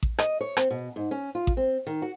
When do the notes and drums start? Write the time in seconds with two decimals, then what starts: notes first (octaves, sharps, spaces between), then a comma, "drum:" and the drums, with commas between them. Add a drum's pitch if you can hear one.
0.03 drum: kick A1
0.19 D#5, drum: rim click
0.41 C#5
0.57 C4, drum: rim click
0.70 B2
0.96 G#2
1.11 C#4
1.35 F4
1.47 drum: kick A1
1.57 C4
1.87 D#3
2.02 F#4